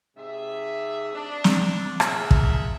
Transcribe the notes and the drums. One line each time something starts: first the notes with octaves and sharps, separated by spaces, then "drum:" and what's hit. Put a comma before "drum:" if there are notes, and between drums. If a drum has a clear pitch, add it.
G#2 C3 G#4 E5
D4
drum: snare
F4 G#4 A#4 E5 F#5, drum: rim click
drum: kick